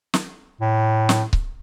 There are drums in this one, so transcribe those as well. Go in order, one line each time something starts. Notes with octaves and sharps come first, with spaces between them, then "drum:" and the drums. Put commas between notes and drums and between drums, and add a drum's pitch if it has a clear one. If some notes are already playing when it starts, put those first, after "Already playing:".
drum: snare
A2
drum: snare
drum: kick C#1